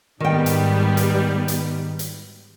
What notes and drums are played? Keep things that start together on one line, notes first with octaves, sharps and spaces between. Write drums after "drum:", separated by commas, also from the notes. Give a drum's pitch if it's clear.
G#2 D#3 G3 B3 G5
drum: hi-hat
drum: hi-hat
drum: hi-hat
drum: hi-hat